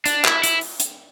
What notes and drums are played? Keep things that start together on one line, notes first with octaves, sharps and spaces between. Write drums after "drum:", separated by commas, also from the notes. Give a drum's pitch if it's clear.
D4, drum: hi-hat
E4, drum: clap
E4, drum: hi-hat
drum: open hi-hat
drum: hi-hat